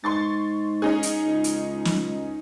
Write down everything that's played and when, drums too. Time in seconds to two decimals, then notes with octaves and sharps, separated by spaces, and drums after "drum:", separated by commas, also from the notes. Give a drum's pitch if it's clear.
0.04 G#2 C6 C#6 A6
0.82 C#4 D#4 G#4
1.03 drum: hi-hat
1.26 C#2
1.44 drum: hi-hat
1.85 drum: snare